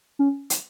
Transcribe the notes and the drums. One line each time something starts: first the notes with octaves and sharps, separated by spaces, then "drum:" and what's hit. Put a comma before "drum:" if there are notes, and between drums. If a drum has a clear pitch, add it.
C#4
drum: hi-hat